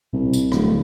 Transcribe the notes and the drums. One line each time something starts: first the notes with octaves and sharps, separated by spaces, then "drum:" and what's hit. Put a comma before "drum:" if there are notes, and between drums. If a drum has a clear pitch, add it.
C2, drum: tom B2
drum: tambourine
D1, drum: rim click